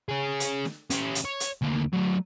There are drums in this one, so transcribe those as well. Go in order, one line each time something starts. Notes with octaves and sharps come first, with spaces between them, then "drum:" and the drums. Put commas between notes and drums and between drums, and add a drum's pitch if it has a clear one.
C#4 G#4
drum: hi-hat
drum: snare
C#4 G4, drum: hi-hat
drum: hi-hat
C#5
drum: hi-hat
D2 A#3
F#3 A3